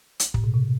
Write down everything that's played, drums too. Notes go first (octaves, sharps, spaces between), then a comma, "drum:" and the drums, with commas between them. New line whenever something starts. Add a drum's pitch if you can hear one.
drum: hi-hat
A2, drum: kick
B2
C3